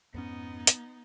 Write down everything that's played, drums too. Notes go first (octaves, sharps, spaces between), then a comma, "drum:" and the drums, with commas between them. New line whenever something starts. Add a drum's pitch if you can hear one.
F2 G#2 B3 C#4 D#4
drum: hi-hat